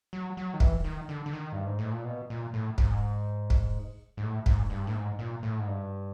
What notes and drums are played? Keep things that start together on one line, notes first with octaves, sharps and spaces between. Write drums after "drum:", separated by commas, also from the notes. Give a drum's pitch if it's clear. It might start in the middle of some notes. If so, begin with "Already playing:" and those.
F#3
F#3
D#3
E3, drum: kick
D#3
D3
D3
D#3
G2
G#2
A2
A#2
B2
A#2
A2
G#2, drum: kick
drum: kick
G#2
A2
G#2, drum: kick
G2
A2
G#2
A#2
A2
G#2
G2